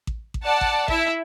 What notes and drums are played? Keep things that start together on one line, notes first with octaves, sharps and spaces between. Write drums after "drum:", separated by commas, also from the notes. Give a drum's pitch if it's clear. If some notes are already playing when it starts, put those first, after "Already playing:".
drum: kick A1
drum: kick A1
D5 F#5 A5
drum: kick A1
E4 E5, drum: kick A1